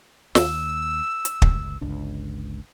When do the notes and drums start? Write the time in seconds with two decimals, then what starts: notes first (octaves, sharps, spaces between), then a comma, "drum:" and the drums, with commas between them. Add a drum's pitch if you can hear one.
0.35 D#2 E6, drum: snare
1.25 drum: hi-hat
1.42 G1 C#2, drum: kick
1.81 G1 C#2 D4